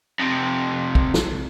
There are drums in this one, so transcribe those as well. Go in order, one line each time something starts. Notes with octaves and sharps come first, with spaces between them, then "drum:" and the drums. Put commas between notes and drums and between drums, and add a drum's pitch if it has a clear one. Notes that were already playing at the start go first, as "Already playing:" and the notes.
F2 C3
drum: kick
drum: snare